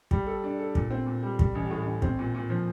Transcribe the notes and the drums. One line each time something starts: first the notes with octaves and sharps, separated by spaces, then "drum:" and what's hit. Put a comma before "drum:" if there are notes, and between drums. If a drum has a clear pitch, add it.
G3, drum: kick
A4
D4
A4
A#2, drum: kick
C4
A#2
G3
G3, drum: kick
A1
A2
A1
C4, drum: kick
A#2
A#2
F3